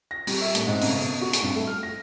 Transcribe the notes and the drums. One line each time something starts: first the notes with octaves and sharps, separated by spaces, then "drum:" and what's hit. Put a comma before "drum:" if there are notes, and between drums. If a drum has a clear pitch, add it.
A#6
G3, drum: open hi-hat
E5
A2, drum: hi-hat
G#2
C#3, drum: open hi-hat
B2
F#4
drum: hi-hat
G2
A3
F6
A#6